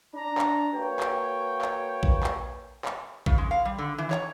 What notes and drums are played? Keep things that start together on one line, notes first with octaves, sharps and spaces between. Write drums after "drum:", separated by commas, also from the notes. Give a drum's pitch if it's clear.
D4 A#5
drum: clap
A#3 F#4 B4 C#5 G5
drum: clap
drum: clap
drum: kick A#1
drum: clap
drum: clap
C#3, drum: kick A#1
G#3
F5
G3
D3
E3
C#5, drum: clap